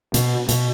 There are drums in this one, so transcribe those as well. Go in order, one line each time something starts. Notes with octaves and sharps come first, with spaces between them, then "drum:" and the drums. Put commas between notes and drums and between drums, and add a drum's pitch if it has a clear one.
B2, drum: hi-hat
B2, drum: hi-hat